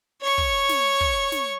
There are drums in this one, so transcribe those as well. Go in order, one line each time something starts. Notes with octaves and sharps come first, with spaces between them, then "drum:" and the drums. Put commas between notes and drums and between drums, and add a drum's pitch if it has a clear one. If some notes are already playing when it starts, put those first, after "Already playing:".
C#5 C#6
drum: kick
drum: snare
drum: kick
drum: snare